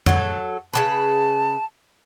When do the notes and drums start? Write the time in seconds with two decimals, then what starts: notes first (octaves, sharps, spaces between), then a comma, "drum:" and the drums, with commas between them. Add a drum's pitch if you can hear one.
0.06 F#3 A4, drum: tom F2
0.73 C#3 E3 B4 A5